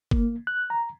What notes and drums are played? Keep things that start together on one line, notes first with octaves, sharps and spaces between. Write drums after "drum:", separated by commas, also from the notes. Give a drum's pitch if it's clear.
A#3, drum: kick G1
F#6
A#5